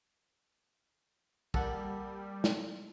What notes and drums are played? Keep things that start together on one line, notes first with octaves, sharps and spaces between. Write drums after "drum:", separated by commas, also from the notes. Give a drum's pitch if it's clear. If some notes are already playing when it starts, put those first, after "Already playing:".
G3 A#3 A4 A#4 F#5, drum: kick
drum: snare